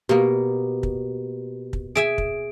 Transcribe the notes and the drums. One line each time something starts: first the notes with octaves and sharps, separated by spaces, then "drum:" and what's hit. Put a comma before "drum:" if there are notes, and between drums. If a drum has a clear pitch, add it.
B2 A#3 G4
drum: kick
drum: kick
G#4 E5 G#5 D7
drum: kick